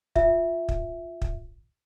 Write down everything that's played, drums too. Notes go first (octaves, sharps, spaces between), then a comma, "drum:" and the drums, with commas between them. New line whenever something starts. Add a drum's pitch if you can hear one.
F4 E5, drum: kick
drum: kick
drum: kick